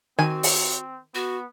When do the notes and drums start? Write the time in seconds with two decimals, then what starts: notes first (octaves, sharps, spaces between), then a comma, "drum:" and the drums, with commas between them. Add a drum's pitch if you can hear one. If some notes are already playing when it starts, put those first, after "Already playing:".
0.19 D#3 C4 F#4 G#5
0.43 drum: open hi-hat
1.15 B3 F#4